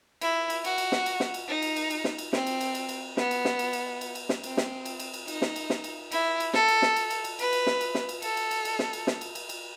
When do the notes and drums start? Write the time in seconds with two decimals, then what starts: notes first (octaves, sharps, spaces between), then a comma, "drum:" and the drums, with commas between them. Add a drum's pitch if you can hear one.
0.21 E4, drum: cymbal
0.50 drum: cymbal
0.64 F#4, drum: cymbal
0.78 drum: cymbal
0.92 drum: snare
1.06 drum: cymbal
1.20 drum: snare
1.34 drum: cymbal
1.48 D#4
1.62 drum: cymbal
1.76 drum: cymbal
1.90 drum: cymbal
2.04 drum: snare
2.18 drum: cymbal
2.33 C4, drum: snare
2.47 drum: cymbal
2.61 drum: cymbal
2.75 drum: cymbal
2.89 drum: cymbal
3.17 B3, drum: snare
3.31 drum: cymbal
3.45 drum: snare
3.59 drum: cymbal
3.73 drum: cymbal
4.01 drum: cymbal
4.15 drum: cymbal
4.29 drum: snare
4.43 C4, drum: cymbal
4.57 drum: snare
4.85 drum: cymbal
5.00 drum: cymbal
5.14 drum: cymbal
5.28 D#4, drum: cymbal
5.42 drum: snare
5.56 drum: cymbal
5.70 drum: snare
5.84 drum: cymbal
6.12 E4, drum: cymbal
6.40 drum: cymbal
6.54 A4, drum: snare
6.68 drum: cymbal
6.82 drum: snare
6.96 drum: cymbal
7.10 drum: cymbal
7.24 drum: cymbal
7.39 B4, drum: cymbal
7.53 drum: cymbal
7.67 drum: snare
7.81 drum: cymbal
7.95 drum: snare
8.09 drum: cymbal
8.22 A4, drum: cymbal
8.37 drum: cymbal
8.51 drum: cymbal
8.65 drum: cymbal
8.79 drum: snare
8.93 drum: cymbal
9.07 drum: snare
9.21 drum: cymbal
9.35 drum: cymbal
9.49 drum: cymbal